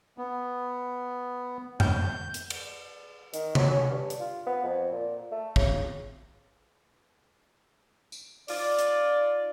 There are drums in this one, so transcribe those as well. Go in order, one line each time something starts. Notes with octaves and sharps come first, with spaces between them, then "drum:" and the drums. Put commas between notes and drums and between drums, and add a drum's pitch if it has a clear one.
B3
G6, drum: tom F2
drum: hi-hat
drum: cymbal
D#3, drum: hi-hat
F#3, drum: tom C3
C#4
G2
drum: hi-hat
F4
B3
F2
A#2
A3
C#3, drum: kick
drum: tambourine
D#4 F4 D5, drum: open hi-hat
drum: hi-hat